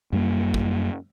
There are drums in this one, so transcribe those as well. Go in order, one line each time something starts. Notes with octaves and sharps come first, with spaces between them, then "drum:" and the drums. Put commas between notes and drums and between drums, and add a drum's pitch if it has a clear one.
F#2 G3 A#3
drum: kick